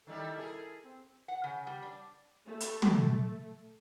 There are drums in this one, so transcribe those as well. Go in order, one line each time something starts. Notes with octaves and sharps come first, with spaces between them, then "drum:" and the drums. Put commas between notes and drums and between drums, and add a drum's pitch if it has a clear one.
D#3 G3 E4 A4
E4 G#4 A#4
C4
F#5
C#3
G3
D4
A3
drum: hi-hat
drum: tom